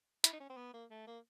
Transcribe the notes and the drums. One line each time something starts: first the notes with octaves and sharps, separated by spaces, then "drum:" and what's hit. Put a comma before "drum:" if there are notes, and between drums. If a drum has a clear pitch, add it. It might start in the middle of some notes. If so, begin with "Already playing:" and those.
E4, drum: hi-hat
D#4
C#4
C4
B3
A#3
A3
A#3